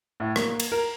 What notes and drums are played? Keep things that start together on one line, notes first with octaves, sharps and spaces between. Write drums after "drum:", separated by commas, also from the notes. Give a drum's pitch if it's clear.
A2
A#3, drum: rim click
drum: cymbal
A#4